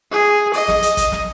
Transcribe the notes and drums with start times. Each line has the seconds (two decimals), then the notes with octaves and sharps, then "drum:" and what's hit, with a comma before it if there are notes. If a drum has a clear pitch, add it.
0.11 G#4
0.53 D#5, drum: open hi-hat
0.68 drum: snare
0.83 drum: hi-hat
0.97 drum: kick, hi-hat
1.12 drum: snare